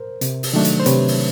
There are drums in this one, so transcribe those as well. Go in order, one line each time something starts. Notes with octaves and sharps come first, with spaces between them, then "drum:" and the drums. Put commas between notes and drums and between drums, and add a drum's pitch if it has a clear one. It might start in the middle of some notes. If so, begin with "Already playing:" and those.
Already playing: A#4 C5
C3, drum: hi-hat
drum: open hi-hat
D#3 F#3 A3 D4
drum: hi-hat
C5
C3 B4 C#5, drum: hi-hat
drum: open hi-hat